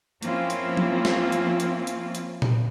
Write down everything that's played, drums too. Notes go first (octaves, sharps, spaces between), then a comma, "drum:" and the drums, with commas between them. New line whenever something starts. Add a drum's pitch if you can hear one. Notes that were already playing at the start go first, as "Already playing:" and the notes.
F3 A#3 C4 C#4 E4 F4, drum: hi-hat
drum: hi-hat
drum: tom F3
drum: snare
drum: hi-hat
drum: hi-hat
drum: hi-hat
drum: hi-hat
drum: tom A#2